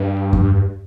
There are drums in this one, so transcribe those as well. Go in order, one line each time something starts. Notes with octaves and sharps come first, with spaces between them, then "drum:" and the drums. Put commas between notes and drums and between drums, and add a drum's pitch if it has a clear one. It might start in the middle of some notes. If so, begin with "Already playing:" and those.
Already playing: G2
drum: kick F2